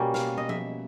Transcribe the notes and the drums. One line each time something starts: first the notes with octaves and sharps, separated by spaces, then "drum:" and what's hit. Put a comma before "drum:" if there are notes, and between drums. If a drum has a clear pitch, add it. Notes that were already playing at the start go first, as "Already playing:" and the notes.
Already playing: B2 G3 A#3 C#4
F5, drum: snare
D#5
E5, drum: tom F3